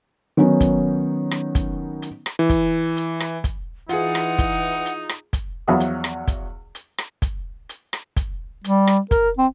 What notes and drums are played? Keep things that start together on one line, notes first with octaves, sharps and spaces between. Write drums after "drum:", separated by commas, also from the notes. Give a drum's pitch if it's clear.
D#3 F#3 B3 C#4 D#4
drum: kick, hi-hat
drum: rim click
drum: kick, hi-hat
drum: hi-hat
drum: rim click
E3
drum: kick, hi-hat
drum: hi-hat
drum: rim click
drum: kick, hi-hat
E3 D#4 F4 G#4 F#5, drum: hi-hat
drum: rim click
drum: kick, hi-hat
drum: hi-hat
drum: rim click
drum: kick, hi-hat
E2 F3 F#3 E5 B5 D#6
drum: hi-hat
drum: rim click
drum: kick, hi-hat
drum: hi-hat
drum: rim click
drum: kick, hi-hat
drum: hi-hat
drum: rim click
drum: kick, hi-hat
G3, drum: hi-hat
drum: rim click
A#4, drum: kick, hi-hat
C4